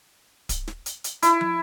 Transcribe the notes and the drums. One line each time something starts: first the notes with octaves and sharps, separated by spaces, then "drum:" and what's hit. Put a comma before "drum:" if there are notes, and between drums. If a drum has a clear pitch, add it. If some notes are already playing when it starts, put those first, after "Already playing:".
drum: kick D1, hi-hat
drum: snare
drum: hi-hat
drum: hi-hat
E4, drum: hi-hat
drum: tom